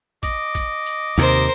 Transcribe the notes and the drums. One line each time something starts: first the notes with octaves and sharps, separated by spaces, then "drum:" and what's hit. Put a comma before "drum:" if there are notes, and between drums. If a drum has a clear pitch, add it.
D#5 D6, drum: kick, hi-hat
drum: kick, hi-hat
drum: hi-hat
D#2 C3 A#4 C5, drum: hi-hat